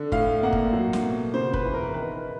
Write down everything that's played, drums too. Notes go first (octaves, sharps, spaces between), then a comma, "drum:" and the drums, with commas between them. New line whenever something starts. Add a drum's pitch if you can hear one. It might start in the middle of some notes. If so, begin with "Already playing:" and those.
Already playing: D3
A2 F5, drum: kick
A#3 F#5
drum: kick
F#3
drum: snare
B2
C#3 C5
B4, drum: kick
E3
A#4
D#3 B4